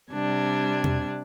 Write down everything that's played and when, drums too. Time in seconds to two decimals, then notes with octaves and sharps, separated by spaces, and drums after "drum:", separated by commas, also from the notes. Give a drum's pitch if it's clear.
0.12 C3 G3 D4 G#6
0.84 drum: tom